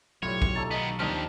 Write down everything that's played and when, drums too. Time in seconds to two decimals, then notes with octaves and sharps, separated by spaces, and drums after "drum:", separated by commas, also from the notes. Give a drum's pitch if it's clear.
0.23 B1 A2 F#3 F4 G4 C#5 D5
0.42 drum: kick
0.55 A3 A#3 D#4 A4 A6
0.71 D#3 B3 D#5 A#5
0.99 D#2 F3 C4 D4 D#4 G4 F6